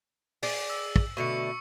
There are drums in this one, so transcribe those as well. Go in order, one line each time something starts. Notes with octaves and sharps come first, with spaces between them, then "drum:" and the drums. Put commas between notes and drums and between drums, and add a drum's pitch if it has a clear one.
G#4 D5, drum: open hi-hat
E6
drum: kick
B2 D3 A3 C#6 C#7